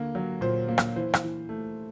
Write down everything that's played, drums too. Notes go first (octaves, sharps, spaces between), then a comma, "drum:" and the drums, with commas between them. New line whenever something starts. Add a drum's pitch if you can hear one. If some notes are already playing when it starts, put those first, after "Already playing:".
Already playing: D3 A#3
F#3
A#2 C5
A#3
drum: rim click
E3 C5
drum: rim click
E3
A3